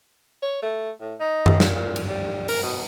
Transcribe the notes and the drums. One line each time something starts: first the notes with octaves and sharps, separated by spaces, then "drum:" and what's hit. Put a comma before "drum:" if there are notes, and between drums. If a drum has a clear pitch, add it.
C#5
A3
A2
D#4
drum: tom F#2
A#2, drum: snare
A#2
drum: cymbal
G3
A#4, drum: open hi-hat
B2